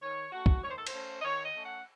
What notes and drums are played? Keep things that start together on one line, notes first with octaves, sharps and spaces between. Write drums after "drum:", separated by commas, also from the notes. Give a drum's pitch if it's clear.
D#3 C#5
A3 C#4 F#4
drum: kick
D#3 C#5
C5
A4
C5, drum: cymbal
A3 C#4
D#5
D#3 C#5
D#5
A3 C#4
F#5